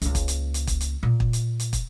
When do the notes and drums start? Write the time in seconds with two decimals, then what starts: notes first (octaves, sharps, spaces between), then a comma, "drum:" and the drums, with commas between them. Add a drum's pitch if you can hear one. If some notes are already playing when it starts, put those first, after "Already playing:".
0.02 C#2 A#3, drum: hi-hat
0.15 drum: kick, hi-hat
0.28 drum: hi-hat
0.54 drum: hi-hat
0.67 drum: kick, hi-hat
0.81 drum: hi-hat
1.03 A#2
1.20 drum: kick
1.33 drum: hi-hat
1.60 drum: hi-hat
1.73 drum: kick, hi-hat